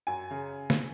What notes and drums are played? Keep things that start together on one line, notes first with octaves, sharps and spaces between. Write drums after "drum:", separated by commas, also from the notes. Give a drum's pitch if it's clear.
F#2 G#5
C#3
drum: snare